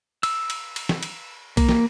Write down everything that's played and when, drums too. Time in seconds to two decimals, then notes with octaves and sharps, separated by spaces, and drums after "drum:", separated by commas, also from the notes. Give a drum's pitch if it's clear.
0.23 E6, drum: cymbal
0.50 drum: cymbal
0.76 drum: cymbal
0.89 drum: snare
1.03 drum: cymbal
1.57 A#3, drum: kick B1, cymbal
1.69 drum: snare